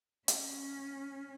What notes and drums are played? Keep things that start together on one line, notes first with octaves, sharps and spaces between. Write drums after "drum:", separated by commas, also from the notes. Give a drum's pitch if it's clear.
C#4, drum: hi-hat